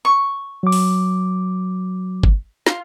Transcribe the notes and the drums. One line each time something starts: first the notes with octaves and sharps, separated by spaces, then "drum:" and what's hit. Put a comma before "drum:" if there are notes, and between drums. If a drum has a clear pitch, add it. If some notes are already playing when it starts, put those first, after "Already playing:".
C#6
F#3 D6
drum: open hi-hat
drum: kick G1
F4, drum: snare